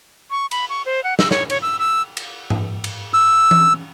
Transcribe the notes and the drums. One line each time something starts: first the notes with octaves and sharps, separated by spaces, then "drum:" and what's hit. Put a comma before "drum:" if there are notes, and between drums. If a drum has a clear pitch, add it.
C#6
B5, drum: cymbal
C#6
C5
F#5
E6, drum: snare
C#5, drum: snare
C#5, drum: cymbal
E6
E6
drum: cymbal
drum: tom G#2
drum: cymbal
E6
drum: tom E3